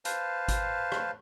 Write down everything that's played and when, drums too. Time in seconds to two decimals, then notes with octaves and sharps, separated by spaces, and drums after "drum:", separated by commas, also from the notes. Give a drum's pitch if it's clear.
0.05 B4 C5 F5 A5, drum: hi-hat
0.48 drum: kick G#1, hi-hat
0.92 drum: rim click